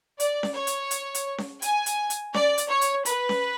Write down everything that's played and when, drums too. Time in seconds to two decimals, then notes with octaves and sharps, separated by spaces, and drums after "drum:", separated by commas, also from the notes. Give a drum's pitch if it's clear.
0.20 D5, drum: hi-hat
0.43 drum: snare C#4
0.55 C#5
0.67 drum: hi-hat
0.91 drum: hi-hat
1.15 drum: hi-hat
1.38 drum: snare C#4
1.62 G#5, drum: hi-hat
1.86 drum: hi-hat
2.10 drum: hi-hat
2.34 D5, drum: snare C#4
2.58 drum: hi-hat
2.69 C#5
2.81 drum: hi-hat
3.05 B4, drum: hi-hat
3.29 drum: snare C#4